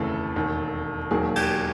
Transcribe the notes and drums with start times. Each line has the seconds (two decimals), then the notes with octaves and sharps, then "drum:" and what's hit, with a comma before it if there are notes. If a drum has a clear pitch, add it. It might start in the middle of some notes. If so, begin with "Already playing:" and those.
Already playing: F1 D#2 C#3 E3 A3 A4
0.35 E1 D#2 D#3
1.11 E1 D#2 D#3 F#3 A#3 G#4
1.36 G4, drum: cymbal